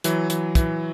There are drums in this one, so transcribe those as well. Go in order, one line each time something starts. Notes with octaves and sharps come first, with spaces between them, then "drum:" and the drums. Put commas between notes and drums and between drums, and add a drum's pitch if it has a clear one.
E3 F#3, drum: hi-hat
E3, drum: hi-hat
E3, drum: kick, hi-hat